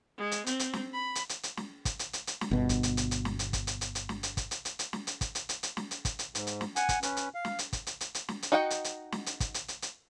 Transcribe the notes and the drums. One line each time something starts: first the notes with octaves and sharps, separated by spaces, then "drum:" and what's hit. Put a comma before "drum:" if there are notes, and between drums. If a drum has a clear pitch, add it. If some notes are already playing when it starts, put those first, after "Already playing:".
G#3
drum: hi-hat
C4, drum: hi-hat
drum: hi-hat
drum: snare
B5
drum: hi-hat
drum: hi-hat
drum: hi-hat
drum: snare
drum: kick, hi-hat
drum: hi-hat
drum: hi-hat
drum: hi-hat
drum: snare
G1 B2
drum: kick, hi-hat
drum: hi-hat
drum: hi-hat
drum: hi-hat
drum: snare
drum: hi-hat
drum: kick, hi-hat
drum: hi-hat
drum: hi-hat
drum: hi-hat
drum: snare
drum: hi-hat
drum: kick, hi-hat
drum: hi-hat
drum: hi-hat
drum: hi-hat
drum: snare
drum: hi-hat
drum: kick, hi-hat
drum: hi-hat
drum: hi-hat
drum: hi-hat
drum: snare
drum: hi-hat
drum: kick, hi-hat
drum: hi-hat
G#2, drum: hi-hat
drum: hi-hat
drum: snare
F#5 G#5, drum: hi-hat
drum: kick, hi-hat
C#4 B4, drum: hi-hat
drum: hi-hat
F5
drum: snare
drum: hi-hat
drum: kick, hi-hat
drum: hi-hat
drum: hi-hat
drum: hi-hat
drum: snare
drum: hi-hat
D#4 F#4 D#5 F#5 G5
drum: hi-hat
drum: hi-hat
drum: snare
drum: hi-hat
drum: kick, hi-hat
drum: hi-hat
drum: hi-hat
drum: hi-hat